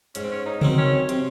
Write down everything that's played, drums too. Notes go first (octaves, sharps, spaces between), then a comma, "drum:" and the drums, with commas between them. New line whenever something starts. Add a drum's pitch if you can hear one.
G#2 C#4, drum: hi-hat
C4
C#4
D#4
D#3 F#3 C4, drum: tom C3
C#4
C3, drum: hi-hat